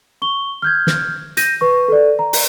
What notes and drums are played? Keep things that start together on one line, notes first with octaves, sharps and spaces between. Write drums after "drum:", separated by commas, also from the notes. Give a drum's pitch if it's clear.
C#6 G7
F6 G6 G#6
drum: snare
G6 A#6 D#7, drum: hi-hat
B4 C#6
A4 D5
A#5
drum: open hi-hat